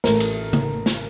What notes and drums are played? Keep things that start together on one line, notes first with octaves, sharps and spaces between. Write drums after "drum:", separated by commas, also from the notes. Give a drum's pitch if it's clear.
A1 A2 A3 A#4, drum: snare
drum: cymbal
drum: tom C#3
drum: snare